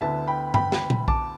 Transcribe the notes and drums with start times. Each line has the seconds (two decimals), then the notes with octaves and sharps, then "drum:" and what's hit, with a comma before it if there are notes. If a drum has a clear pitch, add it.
0.01 D2 D3 B3 E4 E5 A5
0.28 G5 B5
0.54 G5 B5, drum: tom G2
0.72 drum: snare
0.90 drum: tom A#2
1.08 A5 D6, drum: kick A#1